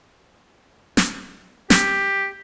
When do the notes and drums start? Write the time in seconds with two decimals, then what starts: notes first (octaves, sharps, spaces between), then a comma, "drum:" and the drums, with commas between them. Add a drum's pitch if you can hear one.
0.97 drum: snare
1.70 G4, drum: snare